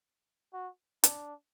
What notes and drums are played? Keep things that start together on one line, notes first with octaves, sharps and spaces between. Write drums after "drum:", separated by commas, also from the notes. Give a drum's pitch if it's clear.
F#4
D4, drum: hi-hat